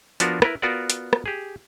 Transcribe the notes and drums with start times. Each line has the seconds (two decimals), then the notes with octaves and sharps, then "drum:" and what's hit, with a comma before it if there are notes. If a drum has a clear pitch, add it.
0.20 F3 B3 D4 F4 F#4 A#4, drum: hi-hat
0.42 E4 A#4 B4, drum: rim click
0.62 B3 F4 F#4 A#4 D5
0.90 drum: hi-hat
1.13 drum: rim click
1.26 G4 G#4